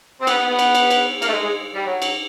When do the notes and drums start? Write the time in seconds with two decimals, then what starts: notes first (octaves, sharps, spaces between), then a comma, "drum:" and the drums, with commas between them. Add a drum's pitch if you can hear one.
0.21 C4
0.27 B3, drum: cymbal
0.38 B3
0.48 B3
0.59 drum: cymbal
0.75 drum: cymbal
0.90 drum: cymbal
1.22 A#3, drum: cymbal
1.27 A3
1.32 G#3
1.43 G#3
1.74 G3
1.86 F#3
2.02 drum: cymbal